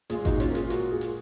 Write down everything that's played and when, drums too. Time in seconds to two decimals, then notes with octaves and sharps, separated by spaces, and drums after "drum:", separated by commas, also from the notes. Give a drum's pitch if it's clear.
0.10 A#2 G#3 F4 G#4, drum: hi-hat
0.25 D#4 F#4, drum: kick G#1, hi-hat
0.40 C#4 F4, drum: hi-hat
0.50 A#4
0.55 F4 G#4, drum: hi-hat
0.70 F#4 A#4, drum: hi-hat
0.90 F4 G#4
1.01 drum: hi-hat